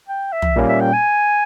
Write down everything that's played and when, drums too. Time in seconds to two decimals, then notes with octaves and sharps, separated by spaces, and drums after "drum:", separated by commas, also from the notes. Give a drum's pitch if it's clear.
0.08 G5
0.32 E5
0.42 drum: tom
0.56 A#2 G3 A#3 C#4
0.69 E5
0.81 G5
0.93 G#5